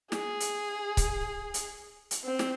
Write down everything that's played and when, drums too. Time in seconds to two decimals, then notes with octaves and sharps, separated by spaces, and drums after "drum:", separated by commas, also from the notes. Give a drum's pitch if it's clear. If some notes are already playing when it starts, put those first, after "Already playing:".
0.12 G#4, drum: snare
0.40 drum: hi-hat
0.97 drum: kick C#1, hi-hat
1.54 drum: hi-hat
2.11 drum: hi-hat
2.24 C4
2.39 drum: snare